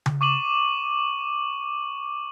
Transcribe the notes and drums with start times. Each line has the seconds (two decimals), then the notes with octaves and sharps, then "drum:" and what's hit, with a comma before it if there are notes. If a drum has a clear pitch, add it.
0.06 drum: tom C#3
0.21 C#6 D6 D#7 F#7